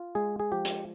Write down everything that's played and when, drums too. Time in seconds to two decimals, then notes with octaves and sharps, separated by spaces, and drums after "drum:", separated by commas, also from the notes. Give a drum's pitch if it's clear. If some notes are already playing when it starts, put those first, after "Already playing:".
Already playing: F4
0.15 G#3 G#4
0.40 G#4
0.52 F3 G4
0.65 drum: hi-hat